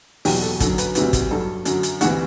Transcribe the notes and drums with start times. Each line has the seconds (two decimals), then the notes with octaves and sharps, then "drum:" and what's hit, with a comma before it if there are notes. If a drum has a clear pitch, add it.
0.25 E2 B2 F#3 G4, drum: open hi-hat
0.42 A4
0.60 F#2 D3 F#3 A4, drum: kick, hi-hat
0.78 B4, drum: hi-hat
0.95 D2 C3 F#3 B4, drum: hi-hat
1.13 drum: kick, hi-hat
1.31 G2 F#3 A4
1.65 F#2 D3 F#3, drum: hi-hat
1.83 drum: hi-hat
2.01 D2 C3 E3 F#4, drum: hi-hat